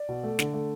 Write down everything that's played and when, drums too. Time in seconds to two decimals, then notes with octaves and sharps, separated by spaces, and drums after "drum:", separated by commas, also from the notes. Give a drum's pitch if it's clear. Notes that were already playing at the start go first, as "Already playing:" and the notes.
Already playing: D5
0.09 B2
0.23 A3
0.39 D3, drum: snare
0.54 A3